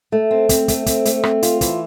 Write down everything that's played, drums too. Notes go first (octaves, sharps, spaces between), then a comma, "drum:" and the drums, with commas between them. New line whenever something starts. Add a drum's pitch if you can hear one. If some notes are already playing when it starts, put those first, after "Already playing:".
A3
C4
C4, drum: kick, hi-hat
A3, drum: kick, hi-hat
C4, drum: kick, hi-hat
A3, drum: hi-hat
C4, drum: rim click
F4, drum: hi-hat
E3, drum: kick, hi-hat